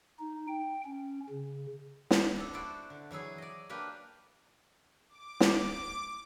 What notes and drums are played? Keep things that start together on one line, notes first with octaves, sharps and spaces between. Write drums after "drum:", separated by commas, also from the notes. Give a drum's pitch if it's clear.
D#4
G5
C#4
C#3
drum: snare
D4 A4
E4 F#4 C5 D5
D3
E3 F#3 E4 G#4
D5 D#5
A#3 D4 G4 B4
D6
drum: snare
D6